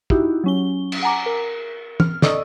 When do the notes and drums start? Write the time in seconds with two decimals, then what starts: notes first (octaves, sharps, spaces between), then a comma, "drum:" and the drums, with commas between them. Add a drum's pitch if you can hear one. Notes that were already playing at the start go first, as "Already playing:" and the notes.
0.10 D#4 E4 F#4 G4, drum: kick
0.44 F#3 C#4 G7
0.92 drum: cymbal
1.02 F#5 G#5 A#5 D6
1.26 A#4
2.00 F6, drum: tom
2.22 A4 D5 D#5 C#6 D#6 E6, drum: snare